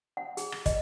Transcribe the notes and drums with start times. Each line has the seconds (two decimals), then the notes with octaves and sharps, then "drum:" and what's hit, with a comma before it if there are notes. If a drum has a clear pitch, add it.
0.17 F#5
0.37 G#4, drum: hi-hat
0.52 drum: rim click
0.66 D#5, drum: kick, hi-hat